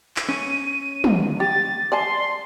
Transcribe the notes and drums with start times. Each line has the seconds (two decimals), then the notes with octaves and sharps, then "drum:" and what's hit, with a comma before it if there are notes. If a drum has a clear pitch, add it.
0.16 drum: clap
0.29 C#4 C#5 D#7
1.04 drum: tom
1.40 G4 A6
1.92 D5 G#5 A5 C6